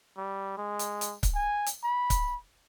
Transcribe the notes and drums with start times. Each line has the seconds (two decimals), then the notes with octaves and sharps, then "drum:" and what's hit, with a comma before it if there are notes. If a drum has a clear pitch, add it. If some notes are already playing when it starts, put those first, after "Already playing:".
0.17 G3
0.58 G#3
0.79 drum: hi-hat
1.01 drum: hi-hat
1.23 drum: kick C#1, hi-hat
1.35 G#5
1.66 drum: hi-hat
1.84 B5
2.10 drum: kick C#1, hi-hat